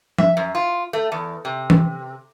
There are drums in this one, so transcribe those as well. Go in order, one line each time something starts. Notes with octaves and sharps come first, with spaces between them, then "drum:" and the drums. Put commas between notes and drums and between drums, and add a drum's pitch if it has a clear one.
E5, drum: tom F3
F#2
F4
A3
E2
C3
drum: tom